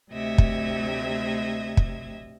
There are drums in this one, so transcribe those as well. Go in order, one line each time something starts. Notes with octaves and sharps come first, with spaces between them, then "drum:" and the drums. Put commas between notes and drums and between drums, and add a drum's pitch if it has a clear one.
D2 C3 A3 D#5 E5 G#6
drum: kick
drum: kick